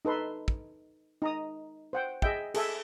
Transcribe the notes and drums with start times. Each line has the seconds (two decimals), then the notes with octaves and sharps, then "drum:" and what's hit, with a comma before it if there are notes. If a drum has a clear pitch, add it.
0.05 D#4 A4 B4 C6
0.48 drum: kick
1.22 D#4 A#5 D#6
1.93 C5 F#5 G5
2.22 G#4 D#5 E5 G5, drum: kick
2.54 G#4 A4 E5, drum: cymbal